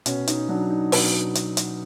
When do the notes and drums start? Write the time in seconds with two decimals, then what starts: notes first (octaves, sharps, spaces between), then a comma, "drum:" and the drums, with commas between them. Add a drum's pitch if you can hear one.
0.06 B2 C#4, drum: hi-hat
0.27 D#4, drum: hi-hat
0.49 F#3 D4
0.70 D#4
0.92 B2 D#4, drum: open hi-hat
1.35 drum: hi-hat
1.57 drum: hi-hat